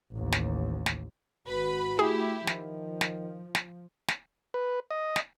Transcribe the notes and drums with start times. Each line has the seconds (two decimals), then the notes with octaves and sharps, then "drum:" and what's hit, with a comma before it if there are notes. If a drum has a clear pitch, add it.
0.13 A1 D#2
0.32 drum: snare
0.86 drum: snare
1.48 G#1 F#4 B4 B5
1.99 A3 E4 G4 G#4
2.47 D#3 F3, drum: snare
3.01 drum: snare
3.55 drum: snare
4.08 drum: snare
4.54 B4
4.91 D#5
5.16 drum: snare